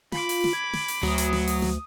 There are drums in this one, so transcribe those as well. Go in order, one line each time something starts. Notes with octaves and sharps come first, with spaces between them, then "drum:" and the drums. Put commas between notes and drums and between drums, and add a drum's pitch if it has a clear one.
F4 B5 D6, drum: snare
drum: open hi-hat
drum: snare
G#6
drum: snare
drum: open hi-hat
D2 F#3 D#6, drum: snare
drum: hi-hat
drum: snare
drum: open hi-hat
drum: snare